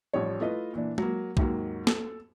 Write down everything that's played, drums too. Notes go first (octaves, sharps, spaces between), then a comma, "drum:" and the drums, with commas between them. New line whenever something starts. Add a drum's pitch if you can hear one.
A1 F3 G3 C#5
A3 E4 F4 B4 D#5
A#2 E3 D4
F#3 A#3, drum: tom G#3
D#2 G#2 F#3 A#3, drum: kick B1
A4, drum: snare